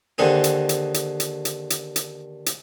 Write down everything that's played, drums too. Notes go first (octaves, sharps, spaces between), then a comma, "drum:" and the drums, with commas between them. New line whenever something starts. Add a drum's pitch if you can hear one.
D#2 D3 C4 G#4
drum: hi-hat
drum: hi-hat
drum: hi-hat
drum: hi-hat
drum: hi-hat
drum: hi-hat
drum: hi-hat
drum: hi-hat